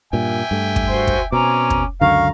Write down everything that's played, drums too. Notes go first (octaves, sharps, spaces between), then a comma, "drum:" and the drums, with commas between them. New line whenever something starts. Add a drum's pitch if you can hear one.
G2 A#2 E5 G5 G#5
G2 A3
drum: kick
F#4 C5 C6
drum: kick
B2 C4 C#4 G#5 A#5 D6
drum: kick
C#2 F#2 D3 F5 A#5 C#6